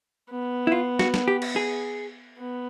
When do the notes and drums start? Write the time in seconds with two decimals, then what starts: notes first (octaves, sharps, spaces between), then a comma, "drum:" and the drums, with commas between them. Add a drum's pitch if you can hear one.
0.30 B3
0.67 E4
0.72 F4
0.99 F#4, drum: snare
1.14 drum: snare
1.28 G4
1.42 drum: cymbal
1.56 G#4
2.39 B3